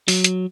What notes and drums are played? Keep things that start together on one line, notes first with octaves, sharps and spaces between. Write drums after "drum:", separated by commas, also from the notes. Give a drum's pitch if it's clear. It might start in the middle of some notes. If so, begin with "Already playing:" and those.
F#3, drum: open hi-hat
drum: hi-hat